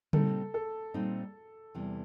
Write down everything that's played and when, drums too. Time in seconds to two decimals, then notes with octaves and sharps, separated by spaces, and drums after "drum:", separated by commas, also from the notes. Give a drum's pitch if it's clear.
0.13 A#2 G3 C4 D#4 A4, drum: tom C#3
0.54 A4
0.94 A#2 G3 C4 D#4
1.75 E2 C3 E3 G3